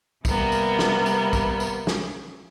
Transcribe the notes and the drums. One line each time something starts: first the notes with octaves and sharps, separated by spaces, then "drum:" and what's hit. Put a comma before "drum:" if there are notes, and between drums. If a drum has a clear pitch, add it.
C3 G3 A#3 B3, drum: kick A#1, tambourine
drum: tambourine
drum: snare
drum: tambourine
drum: kick A#1, tambourine
drum: tambourine
drum: snare